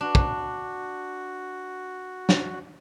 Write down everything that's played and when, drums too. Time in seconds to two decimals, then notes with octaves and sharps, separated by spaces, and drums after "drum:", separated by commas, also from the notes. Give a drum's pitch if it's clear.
0.01 D4 F#4
0.15 drum: kick
2.29 drum: snare